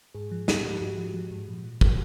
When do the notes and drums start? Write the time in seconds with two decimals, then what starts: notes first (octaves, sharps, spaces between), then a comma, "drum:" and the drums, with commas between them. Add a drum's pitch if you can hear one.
0.14 G#2 G#4
0.31 F3
0.48 F3 G4, drum: snare
0.65 G#2
0.81 G#2 F#4
0.98 F3
1.14 F3
1.31 G#2
1.48 A#2
1.64 F3
1.81 F3, drum: kick